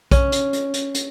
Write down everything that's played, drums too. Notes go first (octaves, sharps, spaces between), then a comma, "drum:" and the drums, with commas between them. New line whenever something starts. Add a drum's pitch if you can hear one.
C#4, drum: kick B1, hi-hat
drum: hi-hat
drum: hi-hat
drum: hi-hat
drum: hi-hat